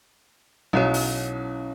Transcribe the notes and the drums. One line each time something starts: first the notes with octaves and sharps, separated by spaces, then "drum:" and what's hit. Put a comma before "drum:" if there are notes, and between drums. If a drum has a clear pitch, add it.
B1 F#3 C#4 E4 C#5
drum: open hi-hat